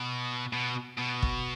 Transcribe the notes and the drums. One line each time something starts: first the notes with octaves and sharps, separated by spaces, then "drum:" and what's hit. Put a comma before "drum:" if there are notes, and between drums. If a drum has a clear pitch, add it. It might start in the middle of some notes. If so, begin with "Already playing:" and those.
Already playing: B2
B2
B2
drum: kick